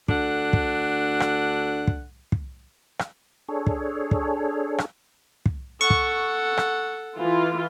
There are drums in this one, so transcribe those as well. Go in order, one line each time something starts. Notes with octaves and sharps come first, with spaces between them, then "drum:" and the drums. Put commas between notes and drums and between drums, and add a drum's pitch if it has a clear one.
D2 D4 A4 F#5, drum: kick
drum: kick
drum: rim click
drum: kick
drum: kick
drum: rim click
D4 G#4 A4 C#5
drum: kick
drum: kick
drum: rim click
drum: kick
A4 F#5 C#6
drum: kick
drum: rim click
E3 F4